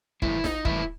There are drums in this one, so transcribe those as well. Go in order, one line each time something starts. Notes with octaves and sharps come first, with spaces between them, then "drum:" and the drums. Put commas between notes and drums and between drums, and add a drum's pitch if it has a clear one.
G2 E3 A3 E4, drum: kick
D#4, drum: snare
G2 E3 A3 E4, drum: kick